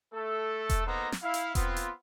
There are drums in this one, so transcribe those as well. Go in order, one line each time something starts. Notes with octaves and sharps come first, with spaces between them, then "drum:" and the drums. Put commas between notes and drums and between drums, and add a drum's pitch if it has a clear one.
A3 A4
drum: kick E1, hi-hat
A#3 B3 D#4 A4 C5 A#5
drum: snare
E4 F5
drum: hi-hat
B3 C4 F4, drum: kick E1, hi-hat
drum: hi-hat